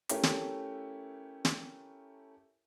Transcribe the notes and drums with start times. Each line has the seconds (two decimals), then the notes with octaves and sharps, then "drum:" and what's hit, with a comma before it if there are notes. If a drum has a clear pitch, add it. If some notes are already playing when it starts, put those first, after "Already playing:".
0.09 A3 C#4 E4 G4 A#4, drum: hi-hat
0.23 drum: snare
1.45 drum: snare